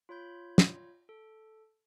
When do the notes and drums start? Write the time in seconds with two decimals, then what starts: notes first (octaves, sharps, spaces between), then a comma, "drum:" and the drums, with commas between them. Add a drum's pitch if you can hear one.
0.09 F4 C#5 B5 G6
0.58 drum: snare
1.09 A4